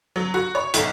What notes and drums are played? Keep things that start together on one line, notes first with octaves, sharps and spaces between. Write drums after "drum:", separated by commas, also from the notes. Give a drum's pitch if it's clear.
F#3
F#4
C#5
B1, drum: hi-hat